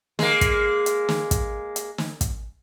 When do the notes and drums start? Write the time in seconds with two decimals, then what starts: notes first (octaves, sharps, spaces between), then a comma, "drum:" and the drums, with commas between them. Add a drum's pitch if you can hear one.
0.19 G#3 A#3, drum: snare
0.41 drum: kick, hi-hat
0.86 drum: hi-hat
1.09 drum: snare
1.31 drum: kick, hi-hat
1.76 drum: hi-hat
1.98 drum: snare
2.21 drum: kick, hi-hat